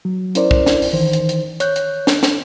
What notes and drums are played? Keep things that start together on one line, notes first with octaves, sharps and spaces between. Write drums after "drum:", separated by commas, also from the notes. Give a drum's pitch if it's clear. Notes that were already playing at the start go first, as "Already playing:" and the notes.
F#3
C#4 E4 A#4 C5 D5, drum: hi-hat
drum: kick
drum: snare
drum: open hi-hat
D#3 E3 C5
drum: hi-hat
drum: hi-hat
C#5 F#6 G6, drum: hi-hat
drum: hi-hat
drum: snare
drum: snare